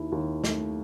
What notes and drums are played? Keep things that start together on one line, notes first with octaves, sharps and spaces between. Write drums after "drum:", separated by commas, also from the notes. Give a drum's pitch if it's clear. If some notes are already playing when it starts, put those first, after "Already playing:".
Already playing: D#2 E4
D#2
A3, drum: snare